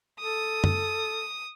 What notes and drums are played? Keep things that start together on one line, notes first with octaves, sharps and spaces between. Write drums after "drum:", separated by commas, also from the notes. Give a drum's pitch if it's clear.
A4 D#6
drum: tom F#2